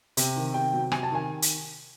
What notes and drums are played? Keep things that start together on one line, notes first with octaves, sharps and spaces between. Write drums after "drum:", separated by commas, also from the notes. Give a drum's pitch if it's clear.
C3, drum: hi-hat
D#3
C3 G5
F#3
C3 G#5, drum: rim click
A5
D#3 G#5
drum: hi-hat